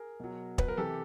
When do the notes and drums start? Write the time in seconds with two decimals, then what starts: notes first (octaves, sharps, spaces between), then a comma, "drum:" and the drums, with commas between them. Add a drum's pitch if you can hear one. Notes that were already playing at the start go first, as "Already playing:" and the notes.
Already playing: G#4 A#4
0.20 B2 F#3
0.58 B4, drum: kick
0.68 A#4
0.77 C3 E3 G4 A4